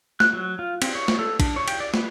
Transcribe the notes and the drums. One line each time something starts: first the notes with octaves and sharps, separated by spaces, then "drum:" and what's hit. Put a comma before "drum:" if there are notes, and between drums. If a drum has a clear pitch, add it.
F#6, drum: snare
F#3
F4
C4, drum: cymbal
C#5
drum: snare
A4
D4, drum: kick, cymbal
C#5
G5, drum: cymbal
D5
B4, drum: snare